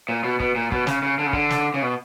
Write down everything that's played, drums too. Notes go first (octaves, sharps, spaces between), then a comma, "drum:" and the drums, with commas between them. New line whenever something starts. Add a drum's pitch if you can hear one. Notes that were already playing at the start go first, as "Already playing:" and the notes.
A#2
B2
B2, drum: kick
A#2
B2, drum: kick
C#3, drum: snare
C#3
D3
C#3
D3, drum: kick
drum: snare
C#3
B2